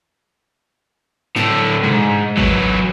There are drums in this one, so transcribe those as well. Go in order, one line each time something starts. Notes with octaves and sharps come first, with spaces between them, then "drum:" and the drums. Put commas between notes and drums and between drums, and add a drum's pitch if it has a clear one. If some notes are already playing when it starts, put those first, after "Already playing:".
A2 D3, drum: snare
G#2, drum: tom A#2
E3 F#3, drum: kick G#1